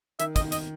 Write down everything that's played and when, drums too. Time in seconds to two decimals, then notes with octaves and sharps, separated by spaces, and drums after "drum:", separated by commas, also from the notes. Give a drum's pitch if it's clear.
0.20 D#3 E5, drum: hi-hat
0.36 D#5, drum: kick, hi-hat
0.41 D#3
0.52 D#5, drum: hi-hat